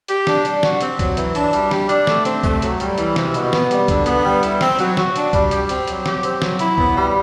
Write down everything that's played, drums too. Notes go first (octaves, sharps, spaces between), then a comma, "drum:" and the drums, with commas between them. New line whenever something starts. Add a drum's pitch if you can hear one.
G4, drum: hi-hat
D4, drum: snare
G3, drum: hi-hat
F#4, drum: snare
C4, drum: hi-hat
F#3, drum: kick C2, hi-hat
E3, drum: hi-hat
D4, drum: hi-hat
G3, drum: hi-hat
G4, drum: snare
D4, drum: hi-hat
A3, drum: snare
C4, drum: hi-hat
A3, drum: kick C2, hi-hat
F#3, drum: hi-hat
G3, drum: hi-hat
E3, drum: hi-hat
C3, drum: snare
B2, drum: hi-hat
B3, drum: snare
G3, drum: hi-hat
D3, drum: kick C2, hi-hat
B3, drum: hi-hat
G3
E4, drum: hi-hat
C4, drum: snare
F#3, drum: hi-hat
F#4, drum: snare
D4, drum: hi-hat
G3, drum: kick C2, hi-hat
G4, drum: hi-hat
C4, drum: hi-hat
F#3, drum: hi-hat
G4, drum: snare
C4, drum: hi-hat
F#3, drum: snare
E4, drum: hi-hat
B3, drum: kick C2
G3